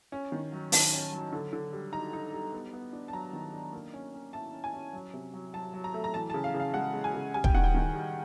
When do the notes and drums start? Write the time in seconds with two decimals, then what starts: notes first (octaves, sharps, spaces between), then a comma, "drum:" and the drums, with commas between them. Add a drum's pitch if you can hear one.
0.12 C#4
0.32 D#3
0.52 F#3
0.72 D#3 A5, drum: open hi-hat
0.92 C#4
1.12 F#3
1.32 D3
1.53 D3
1.73 G3
1.92 D#4 A#5
2.13 D#4
2.33 G3
2.53 B3
2.73 B3
2.93 D4
3.08 A5
3.13 F#3 A#5
3.33 D#3
3.53 D4
3.73 A#3
3.93 C#4
4.14 C#4
4.33 E4 A5
4.53 C#4
4.64 G#5
4.74 C#4
4.93 F#3
5.14 C3
5.34 F#3
5.54 F#3 A5
5.74 F#3
5.84 A#5
5.94 A3
6.04 A#5
6.14 E3 A5
6.30 A5
6.34 C#3
6.44 F5
6.54 C#3
6.60 F5
6.74 G#3 F#5
6.94 G#3
7.04 G#5
7.14 C#3
7.34 G3 G#5
7.44 G5, drum: kick
7.54 D#3 F#5
7.64 G5
7.74 D#3
7.95 G3